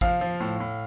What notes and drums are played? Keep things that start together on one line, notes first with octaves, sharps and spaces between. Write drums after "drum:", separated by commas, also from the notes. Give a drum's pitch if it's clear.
F3 F5, drum: kick, hi-hat
F3
A2
A2